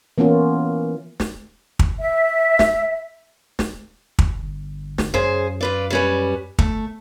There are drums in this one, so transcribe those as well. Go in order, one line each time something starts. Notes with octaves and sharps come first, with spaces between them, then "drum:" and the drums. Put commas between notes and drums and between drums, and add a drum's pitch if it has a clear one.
E3 A#3 B3 C#4 F4
drum: snare
drum: kick
E5
drum: snare
drum: snare
drum: kick
G1
drum: snare
F#2 C#3 G#4 C5
F4 B4 D5
G3 C#4 B4
A3, drum: kick